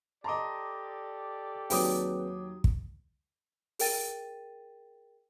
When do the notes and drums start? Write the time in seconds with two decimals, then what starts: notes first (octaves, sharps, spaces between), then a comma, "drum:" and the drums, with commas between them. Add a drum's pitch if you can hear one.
0.24 G4 A4 D5 D#5 A5 A#5 C6 D6
1.70 D#2 F#3 C4 G#4 B4 G5 D6 D#6, drum: open hi-hat
2.64 drum: kick
3.79 G#4 A#4 G5 A6 D#7, drum: open hi-hat